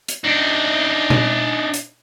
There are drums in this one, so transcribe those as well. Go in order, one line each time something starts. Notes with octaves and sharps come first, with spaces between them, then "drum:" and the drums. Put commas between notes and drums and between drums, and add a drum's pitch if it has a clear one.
drum: hi-hat
D4 D#4
drum: tom A#2
drum: hi-hat